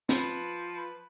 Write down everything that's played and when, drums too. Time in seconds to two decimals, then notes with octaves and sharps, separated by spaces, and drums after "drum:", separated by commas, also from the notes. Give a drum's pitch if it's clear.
0.09 F3 B4, drum: snare
0.77 B4